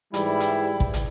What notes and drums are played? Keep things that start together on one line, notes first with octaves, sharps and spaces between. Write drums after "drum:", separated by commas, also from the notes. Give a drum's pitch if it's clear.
G#2 E3 G3 E4, drum: hi-hat
drum: hi-hat
drum: kick
drum: hi-hat